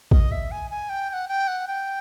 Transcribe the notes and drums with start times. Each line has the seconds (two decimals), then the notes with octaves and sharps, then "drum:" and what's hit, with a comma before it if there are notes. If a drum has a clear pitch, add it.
0.11 D#5, drum: kick A1
0.31 E5
0.51 G#5
0.71 G#5
0.89 G5
1.09 G5
1.13 F#5
1.28 G5
1.48 F#5
1.67 G5